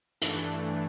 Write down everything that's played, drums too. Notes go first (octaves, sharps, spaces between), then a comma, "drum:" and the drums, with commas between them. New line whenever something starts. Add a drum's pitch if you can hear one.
G2 E3 A3 D4, drum: hi-hat